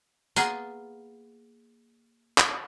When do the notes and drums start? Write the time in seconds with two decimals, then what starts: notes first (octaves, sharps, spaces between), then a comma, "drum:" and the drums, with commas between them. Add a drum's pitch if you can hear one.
0.36 A#3 B3 F4 G#4, drum: tambourine
2.38 drum: clap